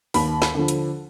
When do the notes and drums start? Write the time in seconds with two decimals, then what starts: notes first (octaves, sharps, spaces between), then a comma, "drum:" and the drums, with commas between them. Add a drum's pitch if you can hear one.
0.14 D#2 B5, drum: open hi-hat
0.42 B5, drum: snare
0.55 D3 F3
0.68 drum: hi-hat